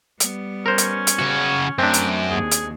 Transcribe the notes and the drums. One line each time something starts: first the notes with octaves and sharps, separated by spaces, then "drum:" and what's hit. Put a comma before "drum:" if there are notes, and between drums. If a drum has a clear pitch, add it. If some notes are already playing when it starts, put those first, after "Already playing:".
G3 B3, drum: hi-hat
C#4 A#4 C5
drum: hi-hat
drum: hi-hat
C#3 F#4
F#2 A3 C4 D4 G5
drum: hi-hat
D#2 G#4
drum: hi-hat